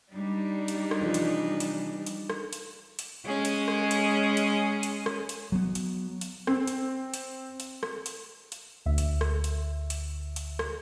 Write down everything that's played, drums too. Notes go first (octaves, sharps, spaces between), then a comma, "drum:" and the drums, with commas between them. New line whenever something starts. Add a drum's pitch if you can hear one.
G3 D4 D#4
drum: hi-hat
drum: rim click
C3 E3 F3
drum: hi-hat
drum: hi-hat
drum: hi-hat
drum: rim click
drum: hi-hat
drum: hi-hat
G#3 C#4 G#4
drum: hi-hat
drum: rim click
drum: hi-hat
drum: hi-hat
drum: hi-hat
drum: rim click
drum: hi-hat
F#3 B3
drum: hi-hat
drum: hi-hat
C4, drum: rim click
drum: hi-hat
drum: hi-hat
drum: hi-hat
drum: rim click
drum: hi-hat
drum: hi-hat
D2 E5
drum: hi-hat
drum: rim click
drum: hi-hat
drum: hi-hat
drum: hi-hat
drum: rim click